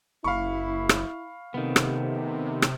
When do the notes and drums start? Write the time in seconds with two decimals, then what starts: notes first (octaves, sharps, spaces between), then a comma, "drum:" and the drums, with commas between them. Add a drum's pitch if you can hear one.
0.24 F#1 E4 F5 B5 C#6
0.89 drum: rim click
1.54 C3 D#3 A3 B3
1.76 drum: rim click
2.62 drum: rim click